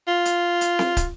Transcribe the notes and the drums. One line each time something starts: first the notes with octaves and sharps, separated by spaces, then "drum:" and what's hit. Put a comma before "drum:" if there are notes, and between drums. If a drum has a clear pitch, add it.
F4
drum: hi-hat
drum: hi-hat
drum: snare C4
drum: kick, hi-hat